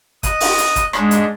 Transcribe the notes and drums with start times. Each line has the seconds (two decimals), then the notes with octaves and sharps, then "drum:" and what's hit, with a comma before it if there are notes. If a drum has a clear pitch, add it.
0.23 D#5 D#6 F#6, drum: kick, hi-hat
0.40 drum: open hi-hat
0.58 drum: hi-hat
0.76 drum: kick, hi-hat
0.93 G#2 G#3 D4, drum: rim click
1.11 drum: hi-hat